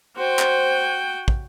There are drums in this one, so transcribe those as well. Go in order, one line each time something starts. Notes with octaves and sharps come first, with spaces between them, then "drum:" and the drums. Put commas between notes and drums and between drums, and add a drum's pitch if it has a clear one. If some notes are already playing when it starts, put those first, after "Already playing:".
F#4 C5 G5
drum: clap
drum: kick